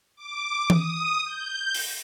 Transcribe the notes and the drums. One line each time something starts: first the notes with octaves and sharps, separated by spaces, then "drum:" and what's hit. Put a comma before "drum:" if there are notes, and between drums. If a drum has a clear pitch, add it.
D6
D#6, drum: tom E3
G6
drum: open hi-hat